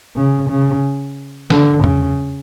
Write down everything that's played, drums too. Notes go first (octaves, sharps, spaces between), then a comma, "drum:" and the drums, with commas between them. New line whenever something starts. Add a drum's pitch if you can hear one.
C#3
C#3
D3, drum: snare
C#3, drum: tom E2